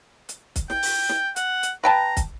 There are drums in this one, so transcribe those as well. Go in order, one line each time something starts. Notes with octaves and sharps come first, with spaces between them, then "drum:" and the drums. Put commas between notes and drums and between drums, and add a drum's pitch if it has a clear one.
drum: hi-hat
drum: kick, hi-hat
G5, drum: snare
drum: open hi-hat
drum: snare
F#5, drum: hi-hat
drum: hi-hat
B4 G5 A5 A#5
drum: kick, hi-hat